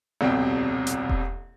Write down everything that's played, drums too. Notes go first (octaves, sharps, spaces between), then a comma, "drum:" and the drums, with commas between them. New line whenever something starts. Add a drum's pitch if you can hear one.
D#1 C2 F2 B2 G5
drum: hi-hat
drum: kick E1